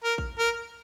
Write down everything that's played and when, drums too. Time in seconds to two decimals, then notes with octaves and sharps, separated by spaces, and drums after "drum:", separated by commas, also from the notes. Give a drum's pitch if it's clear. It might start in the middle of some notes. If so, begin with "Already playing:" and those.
0.04 A#4
0.18 drum: kick
0.39 A#4